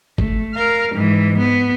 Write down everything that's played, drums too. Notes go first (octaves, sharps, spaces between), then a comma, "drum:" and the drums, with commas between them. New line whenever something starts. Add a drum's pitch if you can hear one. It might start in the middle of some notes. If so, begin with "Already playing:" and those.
A3, drum: kick G1
A#4 F5
G#2 E3
B3